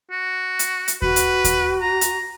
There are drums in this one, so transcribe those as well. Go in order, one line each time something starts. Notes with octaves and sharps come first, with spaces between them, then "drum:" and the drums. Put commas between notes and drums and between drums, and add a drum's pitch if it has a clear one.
F#4
drum: hi-hat
drum: hi-hat
F#4 B4, drum: kick D#2
drum: hi-hat
drum: kick D#2, hi-hat
A#5
drum: hi-hat